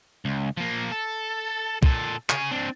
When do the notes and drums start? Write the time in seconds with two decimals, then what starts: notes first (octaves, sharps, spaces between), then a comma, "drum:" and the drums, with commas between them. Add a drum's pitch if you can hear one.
0.25 C#2
0.57 F3 A#3
0.91 A4
1.83 A#2 A4, drum: kick
2.29 G#4 C#5, drum: clap
2.51 C4 D4